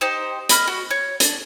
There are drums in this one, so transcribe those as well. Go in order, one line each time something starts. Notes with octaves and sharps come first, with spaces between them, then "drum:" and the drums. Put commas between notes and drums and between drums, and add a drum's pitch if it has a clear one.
D#4 G4 C5
D#5 B5 F6, drum: hi-hat
F#4
C#5
D4, drum: hi-hat